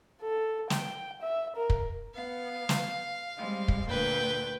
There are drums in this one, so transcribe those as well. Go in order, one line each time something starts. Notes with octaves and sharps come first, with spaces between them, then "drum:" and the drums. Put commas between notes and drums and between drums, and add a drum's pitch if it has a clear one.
A4
G5, drum: snare
E5
A#4
drum: kick
B3 F5
drum: snare
G3 G#3 C4
drum: kick
D2 A#2 B4 G5